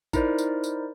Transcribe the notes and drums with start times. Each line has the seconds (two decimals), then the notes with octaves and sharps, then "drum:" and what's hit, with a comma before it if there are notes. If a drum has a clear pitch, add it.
0.13 D#4 E4 A#4 C5 D5, drum: kick A1, tambourine
0.38 drum: tambourine
0.64 drum: tambourine